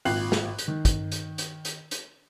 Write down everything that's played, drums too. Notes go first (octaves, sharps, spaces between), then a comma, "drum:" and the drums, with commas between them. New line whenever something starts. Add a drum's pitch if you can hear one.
G#1 A#2 G5 F#6 C7 F#7, drum: open hi-hat
drum: snare
drum: hi-hat
D#3
drum: kick, hi-hat
drum: hi-hat
drum: hi-hat
drum: hi-hat
drum: hi-hat